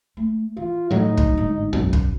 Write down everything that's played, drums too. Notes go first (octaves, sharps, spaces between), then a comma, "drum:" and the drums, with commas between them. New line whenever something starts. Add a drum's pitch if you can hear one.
A3
E3 F4
A2 D#3 F3 F#3 D#4
drum: kick
G1 G#2
B1 F#2
drum: kick